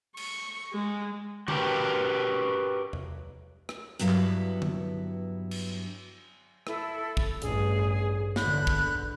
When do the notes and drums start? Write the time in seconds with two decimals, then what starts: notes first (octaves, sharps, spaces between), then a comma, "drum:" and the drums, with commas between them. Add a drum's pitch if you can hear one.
0.17 C#6, drum: cymbal
0.73 G#3
1.48 F#4 G4 A#4 B4 G5, drum: tom D3
2.93 drum: tom E2
3.69 drum: rim click
3.99 G2 F#3 B3 E4 F5
4.09 drum: clap
4.62 drum: tom D3
5.51 drum: cymbal
6.67 E4 A4, drum: rim click
7.17 drum: kick
7.42 A1 G2 G#4, drum: hi-hat
8.36 E2 D3 B5 F#6 G6, drum: snare
8.67 drum: kick